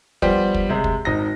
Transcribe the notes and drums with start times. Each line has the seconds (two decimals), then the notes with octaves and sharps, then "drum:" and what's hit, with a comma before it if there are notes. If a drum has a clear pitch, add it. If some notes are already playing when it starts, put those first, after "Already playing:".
0.22 F3 G3 B3 G4 C5, drum: kick
0.54 drum: kick
0.69 C3 G#3
0.84 drum: kick
1.05 G#1 D#4 A#6